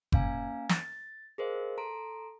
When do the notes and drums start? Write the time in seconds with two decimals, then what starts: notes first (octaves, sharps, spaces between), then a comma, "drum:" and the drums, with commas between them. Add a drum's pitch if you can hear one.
0.12 A#3 C#4 F5 G#5 A#5, drum: kick F#1
0.69 A6, drum: snare
1.38 G#4 A#4 C5 D#5 F5
1.78 A4 A#5 C6 D7